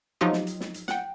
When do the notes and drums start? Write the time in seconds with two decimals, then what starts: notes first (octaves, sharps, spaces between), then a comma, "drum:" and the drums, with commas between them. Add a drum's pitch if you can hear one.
0.21 F3 F#3 D#4 F4 G4 D#5
0.33 drum: snare
0.47 drum: hi-hat
0.60 drum: snare
0.74 drum: hi-hat
0.88 F#5 G5, drum: snare